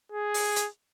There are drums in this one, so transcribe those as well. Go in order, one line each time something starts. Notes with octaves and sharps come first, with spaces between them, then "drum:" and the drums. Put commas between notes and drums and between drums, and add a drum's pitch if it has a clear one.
G#4
drum: open hi-hat
drum: hi-hat